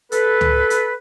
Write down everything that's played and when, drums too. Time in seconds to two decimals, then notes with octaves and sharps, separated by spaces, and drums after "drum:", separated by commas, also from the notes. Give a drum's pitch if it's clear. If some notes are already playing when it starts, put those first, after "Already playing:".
0.12 A4 B4, drum: hi-hat
0.41 drum: tom
0.70 drum: hi-hat